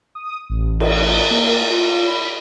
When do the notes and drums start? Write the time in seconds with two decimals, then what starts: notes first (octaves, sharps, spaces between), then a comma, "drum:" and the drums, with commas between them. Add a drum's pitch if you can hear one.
0.15 D#6
0.50 A1
0.80 drum: cymbal
1.31 A#3
1.70 F4
2.07 B5